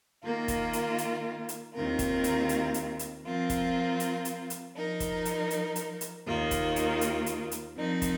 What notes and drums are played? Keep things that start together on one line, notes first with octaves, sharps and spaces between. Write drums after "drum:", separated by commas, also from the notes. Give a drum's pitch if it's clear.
D#3 A#3 F4 A#4
drum: kick, hi-hat
drum: hi-hat
drum: hi-hat
drum: hi-hat
D#2 D#3 C4 F4 A#4
drum: kick, hi-hat
drum: hi-hat
drum: hi-hat
drum: hi-hat
drum: hi-hat
F3 C4 F4 A#4
drum: kick, hi-hat
drum: hi-hat
drum: hi-hat
drum: hi-hat
F3 D#4 A#4
drum: kick, hi-hat
drum: hi-hat
drum: hi-hat
drum: hi-hat
drum: hi-hat
D#2 D#3 A#3 F4
drum: kick, hi-hat
drum: hi-hat
drum: hi-hat
drum: hi-hat
drum: hi-hat
F3 C4 D#4 A#4
drum: kick, hi-hat